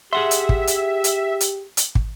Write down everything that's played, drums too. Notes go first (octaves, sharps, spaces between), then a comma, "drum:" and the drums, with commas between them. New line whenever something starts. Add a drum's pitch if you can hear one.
G4 G#4 E5 F#5 C6
drum: hi-hat
drum: kick
drum: hi-hat
drum: hi-hat
drum: hi-hat
drum: hi-hat
drum: kick